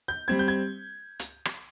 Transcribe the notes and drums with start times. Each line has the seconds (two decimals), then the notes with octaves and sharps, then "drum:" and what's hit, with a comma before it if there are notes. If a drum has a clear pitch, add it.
0.08 G6
0.28 G3 C4 G#6
0.39 G6
0.48 G#6
1.19 drum: hi-hat
1.45 drum: rim click